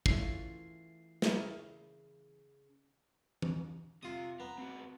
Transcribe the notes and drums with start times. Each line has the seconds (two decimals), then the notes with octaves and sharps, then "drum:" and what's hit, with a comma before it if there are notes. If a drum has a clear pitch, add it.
0.06 E3 A3 C#4 F4 C7, drum: kick
1.22 C#3 E4 A#4, drum: snare
3.42 drum: tom E3
4.03 C3 F4 D#6
4.40 B3 A#5
4.59 C4 F#4